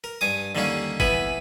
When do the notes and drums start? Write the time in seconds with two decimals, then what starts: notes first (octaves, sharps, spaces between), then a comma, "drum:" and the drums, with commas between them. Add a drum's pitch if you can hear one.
0.04 A#4
0.21 G2 G#5 D6 D#6
0.55 D#2 D3 D#3 G3 A#3 C#4
1.00 E3 B3 G#5 B5, drum: kick G1